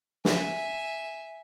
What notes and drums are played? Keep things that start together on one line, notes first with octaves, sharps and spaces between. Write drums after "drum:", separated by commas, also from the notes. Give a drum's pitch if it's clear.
E5 G#5, drum: snare